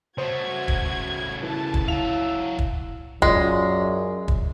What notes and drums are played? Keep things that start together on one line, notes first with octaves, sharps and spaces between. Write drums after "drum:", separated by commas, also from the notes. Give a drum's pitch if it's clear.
C#3 A3 F#4 C5 G#6
drum: kick
E3 A5
drum: kick
F#3 E4 E5 F5 F7
drum: kick
F#2 G#3 F4 D5, drum: kick
drum: kick